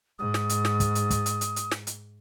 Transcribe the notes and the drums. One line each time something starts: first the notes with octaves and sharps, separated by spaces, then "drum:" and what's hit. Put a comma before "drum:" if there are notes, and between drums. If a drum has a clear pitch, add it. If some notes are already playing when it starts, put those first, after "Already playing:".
G#2 D#6
drum: snare
drum: hi-hat
drum: snare
drum: kick, hi-hat
drum: hi-hat
drum: kick, hi-hat
drum: hi-hat
drum: hi-hat
drum: hi-hat
drum: snare
drum: hi-hat